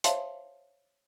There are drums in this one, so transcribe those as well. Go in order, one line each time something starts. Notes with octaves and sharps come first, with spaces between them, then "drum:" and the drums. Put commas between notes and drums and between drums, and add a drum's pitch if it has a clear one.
C5 C#5 E5 F5 A5 C6, drum: hi-hat